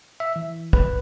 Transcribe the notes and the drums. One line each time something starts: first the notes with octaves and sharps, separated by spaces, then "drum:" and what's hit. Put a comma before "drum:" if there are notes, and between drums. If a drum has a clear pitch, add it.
E5
E3
B4, drum: kick